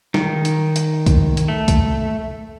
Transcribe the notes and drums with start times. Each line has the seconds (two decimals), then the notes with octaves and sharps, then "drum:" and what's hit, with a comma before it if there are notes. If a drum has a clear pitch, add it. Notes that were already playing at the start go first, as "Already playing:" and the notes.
0.14 D#3, drum: snare
0.45 drum: hi-hat
0.76 drum: hi-hat
1.06 drum: kick C2, hi-hat
1.37 drum: hi-hat
1.48 A3
1.68 drum: kick C2, hi-hat